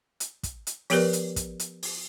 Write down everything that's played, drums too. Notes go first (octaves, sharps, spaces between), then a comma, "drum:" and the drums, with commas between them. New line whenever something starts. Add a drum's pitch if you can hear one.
drum: hi-hat
drum: kick, hi-hat
drum: hi-hat
F3 B3 G4 A#4 B4 D5, drum: open hi-hat
drum: hi-hat
drum: kick, hi-hat
drum: hi-hat
drum: open hi-hat